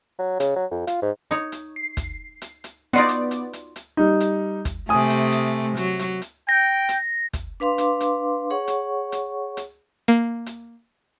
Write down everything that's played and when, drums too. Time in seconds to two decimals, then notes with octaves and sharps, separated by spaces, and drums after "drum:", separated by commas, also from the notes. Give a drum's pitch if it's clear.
0.19 F#3
0.40 C#3, drum: hi-hat
0.56 F#3
0.71 F2
0.87 F4, drum: hi-hat
1.02 G#2
1.31 D#4 C#5
1.52 drum: hi-hat
1.76 C7
1.97 drum: kick, hi-hat
2.42 drum: hi-hat
2.64 drum: hi-hat
2.93 B3 D#4 F4 F#4 D5
3.09 drum: hi-hat
3.31 drum: hi-hat
3.53 drum: hi-hat
3.76 drum: hi-hat
3.97 G3 D#4
4.20 drum: hi-hat
4.65 drum: kick, hi-hat
4.89 C3 A3 G#5 D#6
5.10 drum: hi-hat
5.32 drum: hi-hat
5.77 F#3, drum: hi-hat
5.99 drum: hi-hat
6.22 drum: hi-hat
6.49 G5 A#6
6.89 drum: hi-hat
7.33 drum: kick, hi-hat
7.60 D4 B4 F5 C6 D6
7.78 drum: hi-hat
8.00 drum: hi-hat
8.50 G#4 C#5 F#5 C#6
8.68 drum: hi-hat
9.12 drum: hi-hat
9.57 drum: hi-hat
10.08 A#3
10.46 drum: hi-hat